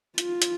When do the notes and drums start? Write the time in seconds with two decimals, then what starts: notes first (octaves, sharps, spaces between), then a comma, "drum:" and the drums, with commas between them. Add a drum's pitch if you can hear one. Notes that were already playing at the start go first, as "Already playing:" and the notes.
0.18 F4, drum: hi-hat
0.42 drum: hi-hat